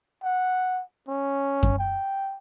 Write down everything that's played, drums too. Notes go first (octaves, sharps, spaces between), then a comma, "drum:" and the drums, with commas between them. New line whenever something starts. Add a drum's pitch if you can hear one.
F#5
C#4
drum: kick F#2
G5